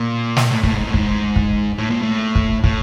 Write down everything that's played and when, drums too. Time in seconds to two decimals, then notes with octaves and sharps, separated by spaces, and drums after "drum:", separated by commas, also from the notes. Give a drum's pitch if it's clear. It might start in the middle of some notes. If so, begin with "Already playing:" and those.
Already playing: A#2
0.36 drum: snare
0.51 A2
0.63 A2, drum: kick
0.71 G#2
0.87 A2
0.94 G#2, drum: kick
1.36 drum: kick
1.78 A2
1.90 A#2
2.02 A2
2.35 drum: kick
2.64 A2, drum: kick